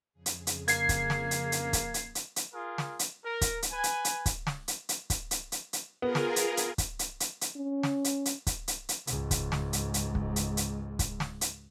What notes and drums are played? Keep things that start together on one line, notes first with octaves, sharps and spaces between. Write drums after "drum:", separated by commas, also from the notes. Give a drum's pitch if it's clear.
F2 C#3 G#4
drum: hi-hat
drum: hi-hat
A#3 G#6 C7, drum: hi-hat
drum: kick, hi-hat
drum: snare
drum: hi-hat
drum: hi-hat
drum: kick, hi-hat
drum: hi-hat
drum: hi-hat
drum: hi-hat
F4 G#4 A#4
drum: snare
drum: hi-hat
A#4
drum: kick, hi-hat
drum: hi-hat
B4 G#5
drum: hi-hat
drum: hi-hat
drum: kick, hi-hat
drum: snare
drum: hi-hat
drum: hi-hat
drum: kick, hi-hat
drum: hi-hat
drum: hi-hat
drum: hi-hat
B3 F4 G#4 A#4
drum: snare
drum: hi-hat
drum: hi-hat
drum: kick, hi-hat
drum: hi-hat
drum: hi-hat
drum: hi-hat
C#4
drum: snare
drum: hi-hat
drum: hi-hat
drum: kick, hi-hat
drum: hi-hat
drum: hi-hat
C#2 G#2, drum: hi-hat
drum: kick, hi-hat
drum: snare
drum: hi-hat
drum: hi-hat
drum: kick
drum: hi-hat
drum: hi-hat
drum: kick, hi-hat
drum: snare
drum: hi-hat